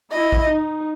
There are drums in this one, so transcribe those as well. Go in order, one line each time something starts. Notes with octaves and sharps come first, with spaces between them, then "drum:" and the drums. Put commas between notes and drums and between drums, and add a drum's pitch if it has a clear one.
E4 D#5
drum: kick
D#4